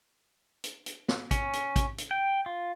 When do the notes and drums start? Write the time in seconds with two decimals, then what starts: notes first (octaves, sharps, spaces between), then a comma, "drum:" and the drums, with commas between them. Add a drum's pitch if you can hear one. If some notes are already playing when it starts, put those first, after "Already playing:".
0.64 drum: hi-hat
0.86 drum: hi-hat
1.08 drum: snare
1.31 C#4, drum: kick, hi-hat
1.53 drum: hi-hat
1.76 drum: kick, hi-hat
1.98 drum: hi-hat
2.11 G5
2.46 F4